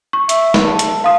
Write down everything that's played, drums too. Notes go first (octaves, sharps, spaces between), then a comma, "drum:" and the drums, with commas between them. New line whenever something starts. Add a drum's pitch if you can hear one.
C#6
E5, drum: hi-hat
drum: snare
A4
drum: hi-hat
F4 F5 D#6